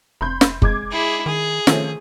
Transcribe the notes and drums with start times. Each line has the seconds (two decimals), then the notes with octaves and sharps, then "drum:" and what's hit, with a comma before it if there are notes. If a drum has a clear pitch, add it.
0.21 F1 B5 C6 G6
0.41 drum: snare
0.62 G#3 D6 G#6, drum: kick F#1
0.91 E4 G#4
1.26 D#3 G#4
1.67 D#3 F3 A3 C#4, drum: snare